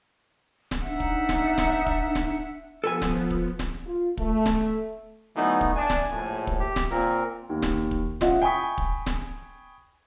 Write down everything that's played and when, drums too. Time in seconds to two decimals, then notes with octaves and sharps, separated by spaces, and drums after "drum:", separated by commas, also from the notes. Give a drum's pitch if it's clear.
0.71 drum: snare D1
0.86 D4 D#4 E5 F#5
1.00 drum: kick
1.29 drum: snare D1
1.58 drum: snare D1
1.86 drum: kick
2.15 drum: snare D1
2.84 F3 B3 A4 B4 G#5
3.02 drum: snare D1
3.30 drum: kick
3.59 drum: snare D1
3.85 F4
4.17 A3, drum: kick
4.46 drum: snare D1
5.36 D3 E3 F#3 A3 B3 D#4
5.61 drum: kick
5.76 D4 G#5
5.90 drum: snare D1
6.11 A#1 A2
6.47 drum: kick
6.60 G4
6.76 drum: snare D1
6.91 A#2 C4 A#4
7.50 D#2
7.62 drum: snare D1
7.91 drum: kick
8.21 C#4 F4 D#5 E5 F#5, drum: snare D1
8.42 G5 G#5 B5 C#6 D#6 B6
8.78 drum: kick
9.06 drum: snare D1